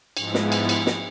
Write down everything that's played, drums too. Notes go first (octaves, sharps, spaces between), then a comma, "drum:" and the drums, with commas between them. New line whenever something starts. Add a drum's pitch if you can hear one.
G#2 F3 G#3 B3 E4, drum: cymbal
drum: snare
drum: cymbal
drum: cymbal
drum: snare